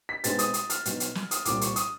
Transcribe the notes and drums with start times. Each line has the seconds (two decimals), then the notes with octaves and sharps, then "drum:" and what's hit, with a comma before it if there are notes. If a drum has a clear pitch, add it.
0.09 B6
0.24 B2 G#3 C4 D#4 A6, drum: hi-hat
0.39 D#6, drum: hi-hat
0.54 D#6, drum: hi-hat
0.70 F6, drum: hi-hat
0.85 B2 F#3 B3 D#4, drum: hi-hat
1.00 drum: hi-hat
1.15 drum: snare
1.31 D#6, drum: hi-hat
1.45 C2 A#2 G3 C4 D6, drum: hi-hat
1.61 C#6, drum: hi-hat
1.76 D#6, drum: hi-hat